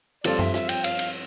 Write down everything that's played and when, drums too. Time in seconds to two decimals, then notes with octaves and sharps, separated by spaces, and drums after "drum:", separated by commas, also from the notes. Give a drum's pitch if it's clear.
0.24 G2 F3 C4 F4 A4 D5, drum: cymbal
0.39 E5, drum: tom F#2
0.54 E5, drum: rim click
0.69 G5, drum: cymbal
0.84 F5, drum: cymbal
0.99 drum: cymbal